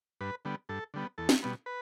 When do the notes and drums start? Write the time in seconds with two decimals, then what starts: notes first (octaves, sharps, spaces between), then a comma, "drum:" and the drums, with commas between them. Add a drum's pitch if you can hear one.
0.21 G2 B4
0.45 D3 G3 B3
0.69 G2 A4
0.94 D3 G3 B3
1.18 E2 A4
1.29 drum: snare
1.42 B2 G3 B3
1.66 B4